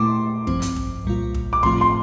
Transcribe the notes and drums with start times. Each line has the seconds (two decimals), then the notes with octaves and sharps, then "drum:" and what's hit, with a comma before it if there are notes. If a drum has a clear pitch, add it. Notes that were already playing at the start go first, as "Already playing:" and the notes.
Already playing: A#2 A3 E4 C6 D6
0.47 G2 F3 C4, drum: kick
0.62 drum: hi-hat
0.76 drum: kick
1.05 C2 A#2 G3 A#3 F4
1.34 drum: kick
1.53 D6
1.63 A2 F3 A3 C4 F4 C6, drum: kick
1.81 C6